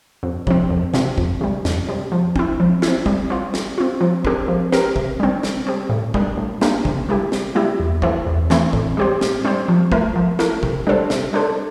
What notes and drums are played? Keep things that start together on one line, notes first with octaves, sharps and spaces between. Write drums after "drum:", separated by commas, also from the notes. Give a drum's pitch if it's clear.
F2
C3 F3 C4, drum: kick
F2
C3 F3 C4, drum: snare
F2, drum: kick
C3 G3
F2, drum: snare
C3 G3
F3
C4 E4, drum: kick
F3
E4, drum: snare
C4
G3, drum: kick
C4 F4
G3, drum: snare
C4 F4
F3
C4 G4 A#4, drum: kick
F3
C4 G4 A#4, drum: snare
C3, drum: kick
G3 C4
C3, drum: snare
G3 C4
A2
G3 A#3 D4, drum: kick
A2
G3 A#3 D4, drum: snare
C3, drum: kick
G3 A#3 E4 G4
C3, drum: snare
G3 A#3 E4 G4
E2
E3 A3 C4 E4, drum: kick
E2
E3 A3 C4 E4, drum: snare
A2, drum: kick
G3 C4 G4 C5
A2, drum: snare
G3 C4 G4 C5
F3
A3 E4 A#4, drum: kick
F3
A3 E4 A#4, drum: snare
C3, drum: kick
G3 D4 A4 C5
C3, drum: snare
G3 D4 A4 C5